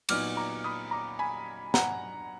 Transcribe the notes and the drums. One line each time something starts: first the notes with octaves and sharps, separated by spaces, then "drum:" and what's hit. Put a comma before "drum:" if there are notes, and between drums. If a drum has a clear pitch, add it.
A#2 F#3 B3 D#4 D6 F6, drum: cymbal
A#5 D6
B5 D#6
A#5 D6
G#5 B5
F#5 A#5, drum: snare